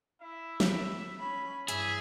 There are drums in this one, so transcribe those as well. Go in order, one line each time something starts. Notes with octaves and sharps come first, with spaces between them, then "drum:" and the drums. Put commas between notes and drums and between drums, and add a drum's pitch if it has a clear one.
E4 E5
drum: snare
C#4 B5
G2 E3 G#4 E5, drum: hi-hat